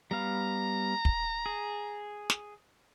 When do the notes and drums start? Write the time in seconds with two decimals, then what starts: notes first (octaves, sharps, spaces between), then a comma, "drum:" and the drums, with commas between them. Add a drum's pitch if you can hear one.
0.11 G3 B3 F5 A#5
1.05 drum: kick
1.46 G#4
2.30 drum: snare